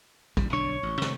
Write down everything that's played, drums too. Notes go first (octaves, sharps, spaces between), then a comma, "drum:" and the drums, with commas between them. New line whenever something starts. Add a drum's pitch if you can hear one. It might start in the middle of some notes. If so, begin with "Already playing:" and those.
D#1 G3, drum: kick
B1 D3 D4 C#5 C#6
A1
C3 D#3 A3, drum: snare